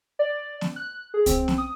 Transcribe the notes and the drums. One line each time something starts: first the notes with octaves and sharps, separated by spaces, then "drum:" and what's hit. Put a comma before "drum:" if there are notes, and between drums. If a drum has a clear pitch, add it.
D5
drum: snare B3
F#6
G#4
C4, drum: kick C2, hi-hat
drum: snare B3
D#6